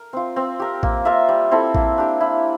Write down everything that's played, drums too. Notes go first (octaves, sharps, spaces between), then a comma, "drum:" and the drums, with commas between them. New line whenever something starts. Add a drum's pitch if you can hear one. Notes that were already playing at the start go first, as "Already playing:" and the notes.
Already playing: A#4
C4 F4
C4
G4 A#4
A#3, drum: kick A#1
F4 A#4 E5
G3
C4 E4 A4
A#3, drum: kick A#1
D4 G4
E4